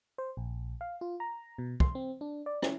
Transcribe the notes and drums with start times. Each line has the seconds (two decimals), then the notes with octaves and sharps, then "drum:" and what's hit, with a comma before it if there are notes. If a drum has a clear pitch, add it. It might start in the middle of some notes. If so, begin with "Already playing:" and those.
0.18 C5
0.37 A#1
0.81 F5
1.01 F4
1.20 A#5
1.58 B2
1.80 C6, drum: kick
1.95 C4
2.21 D4
2.46 D5
2.62 C#4, drum: rim click